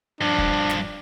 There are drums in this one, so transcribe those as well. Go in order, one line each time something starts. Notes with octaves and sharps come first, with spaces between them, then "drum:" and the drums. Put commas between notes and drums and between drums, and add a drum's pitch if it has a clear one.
G2 F3 D4
drum: kick
drum: snare